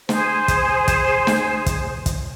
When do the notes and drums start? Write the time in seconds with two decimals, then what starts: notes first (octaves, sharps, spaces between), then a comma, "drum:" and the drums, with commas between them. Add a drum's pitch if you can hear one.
0.09 G#4 C5, drum: snare
0.48 drum: kick, hi-hat
0.88 drum: kick, hi-hat
1.27 drum: snare
1.66 drum: kick, hi-hat
2.06 drum: kick, hi-hat